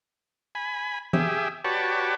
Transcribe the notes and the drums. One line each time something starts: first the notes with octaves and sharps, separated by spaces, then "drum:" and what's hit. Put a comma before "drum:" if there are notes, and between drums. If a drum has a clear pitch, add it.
G#5 B5
G4 G#4 E5, drum: tom E3
F#4 G4 B4 C#5 D5 A5